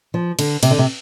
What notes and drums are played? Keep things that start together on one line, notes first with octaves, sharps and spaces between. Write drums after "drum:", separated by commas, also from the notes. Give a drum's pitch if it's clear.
F3
D3, drum: cymbal
C3, drum: cymbal
D3
C3